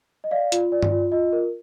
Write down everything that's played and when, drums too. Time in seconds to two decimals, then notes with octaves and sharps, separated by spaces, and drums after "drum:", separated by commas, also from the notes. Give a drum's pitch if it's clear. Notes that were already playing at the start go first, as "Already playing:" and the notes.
0.24 D#5
0.31 D5 F5
0.52 F4, drum: hi-hat
0.72 D5
0.82 drum: tom G2
0.92 F4
1.12 F4 D#5
1.33 A#4